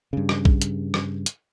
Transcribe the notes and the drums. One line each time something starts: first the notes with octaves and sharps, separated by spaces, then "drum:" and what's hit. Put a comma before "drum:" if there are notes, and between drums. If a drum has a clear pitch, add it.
G2 C#3
drum: rim click
drum: kick
drum: hi-hat
drum: rim click
drum: hi-hat